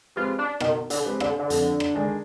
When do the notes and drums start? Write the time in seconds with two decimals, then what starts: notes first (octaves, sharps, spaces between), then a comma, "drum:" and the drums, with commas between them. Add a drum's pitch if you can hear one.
0.16 G#3 C4 F4 G4 B4
0.38 D4
0.60 B2 D#3, drum: rim click
0.90 D3, drum: hi-hat
1.05 G#3 C4 G4 B4
1.20 D3, drum: rim click
1.39 D3
1.50 F2, drum: hi-hat
1.80 drum: rim click
1.95 D#3 G#3 D4 G#4